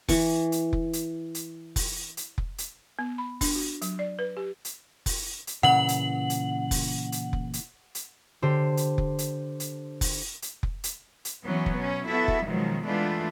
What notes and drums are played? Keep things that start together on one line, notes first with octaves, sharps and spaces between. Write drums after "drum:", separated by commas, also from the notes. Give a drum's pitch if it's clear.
E3 C#6, drum: kick F1, open hi-hat
drum: hi-hat
drum: kick F1
drum: hi-hat
drum: hi-hat
drum: kick F1, open hi-hat
drum: hi-hat
drum: kick F1
drum: hi-hat
B3
B5
D4, drum: kick F1, open hi-hat
F#4
F#3, drum: hi-hat
D5
B4
G4
drum: hi-hat
drum: kick F1, open hi-hat
drum: hi-hat
A#2 C#3 E3 F#5 F#7
drum: hi-hat
drum: hi-hat
drum: kick F1, open hi-hat
drum: hi-hat
drum: kick F1
drum: hi-hat
drum: hi-hat
D3 G4 C5
drum: hi-hat
drum: kick F1
drum: hi-hat
drum: hi-hat
drum: kick F1, open hi-hat
drum: hi-hat
drum: kick F1
drum: hi-hat
drum: hi-hat
E3 F#3 B3 C#4
drum: kick F1
B2 C#4
B3 E4 F#4 A4 E5
drum: kick F1
B2 D#3 F3 F#3 G#3
E3 G#3 A3 B3 D4 F4